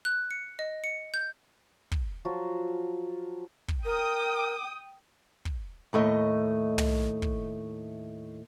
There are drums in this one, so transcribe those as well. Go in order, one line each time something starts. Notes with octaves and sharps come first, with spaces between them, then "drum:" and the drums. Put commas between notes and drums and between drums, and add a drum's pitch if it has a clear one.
F#6
C#7
D#5
C#7
G6
drum: kick
F3 F#3 F4 F#4
drum: kick
A#4 G5 D#6
drum: kick
D#2 A2 A3 D#5
drum: tom
drum: kick